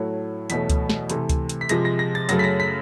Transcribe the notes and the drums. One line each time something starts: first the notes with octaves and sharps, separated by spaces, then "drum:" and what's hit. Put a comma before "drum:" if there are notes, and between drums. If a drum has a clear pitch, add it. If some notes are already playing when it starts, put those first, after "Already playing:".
Already playing: A2 F#3 A3
E2 B2 F#3 A3 B6, drum: hi-hat
drum: kick C#2, hi-hat
drum: snare
C3 E3 A3, drum: hi-hat
drum: kick C#2, hi-hat
drum: hi-hat
B6
C3 F3 G#3 A#6, drum: hi-hat
A#6
A#6
A6
F#2 C#3 F#3 A3 A#6, drum: hi-hat
B6
A#6
B6